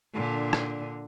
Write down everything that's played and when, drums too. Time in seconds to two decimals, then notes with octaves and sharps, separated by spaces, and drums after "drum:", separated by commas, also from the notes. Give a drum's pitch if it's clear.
0.14 A#2 D3
0.53 drum: rim click